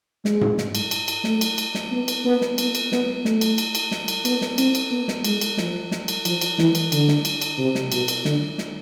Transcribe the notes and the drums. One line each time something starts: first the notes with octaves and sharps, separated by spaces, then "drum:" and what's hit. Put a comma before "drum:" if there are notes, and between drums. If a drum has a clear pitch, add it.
G#3, drum: snare
drum: tom G#2
drum: snare
drum: cymbal
drum: cymbal
drum: cymbal
A3, drum: snare
drum: cymbal
drum: cymbal
drum: snare
B3
drum: cymbal
B3
drum: snare
B3, drum: cymbal
drum: cymbal
B3, drum: snare
A3, drum: snare
drum: cymbal
drum: cymbal
drum: cymbal
drum: snare
drum: cymbal
B3, drum: cymbal
drum: snare
C4, drum: cymbal
drum: cymbal
B3
drum: snare
G#3, drum: cymbal
drum: cymbal
F3, drum: snare
drum: snare
drum: cymbal
F3, drum: cymbal
drum: cymbal
E3, drum: snare
drum: cymbal
D3, drum: cymbal
drum: snare
drum: cymbal
drum: cymbal
C3
drum: snare
B2, drum: cymbal
drum: cymbal
D3, drum: snare
drum: snare